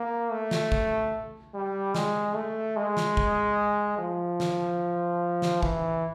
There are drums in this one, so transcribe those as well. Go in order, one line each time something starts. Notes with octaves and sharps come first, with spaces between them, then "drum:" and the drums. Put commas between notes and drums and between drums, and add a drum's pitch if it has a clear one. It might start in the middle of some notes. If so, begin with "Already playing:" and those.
Already playing: A#3
A3
drum: snare
drum: kick
G3
G#3, drum: snare
A3
G#3
drum: snare
drum: kick
F3
drum: snare
drum: snare
E3, drum: kick